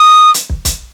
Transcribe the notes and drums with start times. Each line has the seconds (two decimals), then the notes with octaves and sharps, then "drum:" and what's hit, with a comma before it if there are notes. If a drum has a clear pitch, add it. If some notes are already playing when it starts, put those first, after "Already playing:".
Already playing: D#6
0.34 drum: hi-hat
0.50 drum: kick
0.65 drum: kick, hi-hat